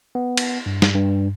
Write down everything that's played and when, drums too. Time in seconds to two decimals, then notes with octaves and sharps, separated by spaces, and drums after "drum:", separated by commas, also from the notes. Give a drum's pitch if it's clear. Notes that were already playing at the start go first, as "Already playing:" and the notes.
0.15 B3
0.37 drum: cymbal
0.66 G2
0.82 drum: snare
0.95 G2